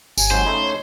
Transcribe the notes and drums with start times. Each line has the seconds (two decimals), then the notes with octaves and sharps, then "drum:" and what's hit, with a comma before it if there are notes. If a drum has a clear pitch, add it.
0.18 G1 G#5, drum: tambourine
0.31 G#2 C3 F#3 C5
0.46 C#3 A3 D#4 B5
0.61 C#5